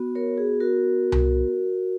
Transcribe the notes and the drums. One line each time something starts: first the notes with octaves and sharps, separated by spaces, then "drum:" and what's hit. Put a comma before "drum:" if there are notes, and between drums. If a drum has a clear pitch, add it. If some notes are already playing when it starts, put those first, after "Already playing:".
Already playing: B3 F#4
A#4 C#5
G#4
F#4 A#4
drum: tom C2